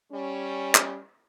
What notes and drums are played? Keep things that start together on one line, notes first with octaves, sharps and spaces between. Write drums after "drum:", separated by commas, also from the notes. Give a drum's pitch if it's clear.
G3 C#4
drum: clap